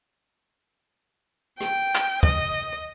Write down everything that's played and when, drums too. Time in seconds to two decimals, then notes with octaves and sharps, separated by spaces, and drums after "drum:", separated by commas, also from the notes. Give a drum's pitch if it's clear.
1.60 G5, drum: rim click
1.95 drum: clap
2.23 D#5, drum: kick